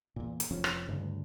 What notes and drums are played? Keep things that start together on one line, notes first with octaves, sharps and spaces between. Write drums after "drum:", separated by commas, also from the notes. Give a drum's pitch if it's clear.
E2 A#2
drum: hi-hat
F1 F2 F3 C#4
drum: rim click
D2 G2 C#3